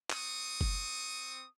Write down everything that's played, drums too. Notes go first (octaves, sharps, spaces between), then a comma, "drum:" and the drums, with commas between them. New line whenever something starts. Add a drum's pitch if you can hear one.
C4 C#6 D#6, drum: clap
drum: kick F#1